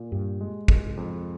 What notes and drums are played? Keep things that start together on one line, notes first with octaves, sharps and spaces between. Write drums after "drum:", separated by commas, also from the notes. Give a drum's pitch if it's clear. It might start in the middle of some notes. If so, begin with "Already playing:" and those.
Already playing: A#2
G2 G4
G#3
G#3, drum: kick
F2